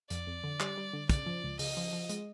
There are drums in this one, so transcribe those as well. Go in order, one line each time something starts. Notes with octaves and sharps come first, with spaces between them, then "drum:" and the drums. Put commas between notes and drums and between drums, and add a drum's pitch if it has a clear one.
F2 D5, drum: hi-hat
F2
D3
G3, drum: clap
G3
D3
C#3 D5, drum: kick, hi-hat
F3
C#2
C#3 D#5, drum: open hi-hat
F3
F3
G#3, drum: hi-hat